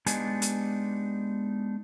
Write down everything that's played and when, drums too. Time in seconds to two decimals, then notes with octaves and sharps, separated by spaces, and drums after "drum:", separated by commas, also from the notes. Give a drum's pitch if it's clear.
0.06 G#3 B3 D4 D#4 G4 G#5, drum: hi-hat
0.42 drum: hi-hat